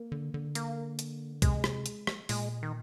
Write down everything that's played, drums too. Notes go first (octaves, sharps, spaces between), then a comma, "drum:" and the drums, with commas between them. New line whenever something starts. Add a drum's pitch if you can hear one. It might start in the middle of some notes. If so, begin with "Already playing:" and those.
Already playing: A#3
D3
D3
A#3, drum: hi-hat
drum: hi-hat
C3 G#3, drum: kick, hi-hat
drum: rim click
drum: hi-hat
drum: rim click
A#2 G#3, drum: open hi-hat
D#3